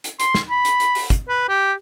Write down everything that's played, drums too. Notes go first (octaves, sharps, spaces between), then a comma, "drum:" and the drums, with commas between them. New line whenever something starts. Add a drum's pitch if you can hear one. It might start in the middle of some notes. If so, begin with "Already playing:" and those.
drum: hi-hat
C6, drum: hi-hat
drum: snare
B5
drum: hi-hat
drum: hi-hat
drum: open hi-hat
drum: kick, hi-hat
B4
G4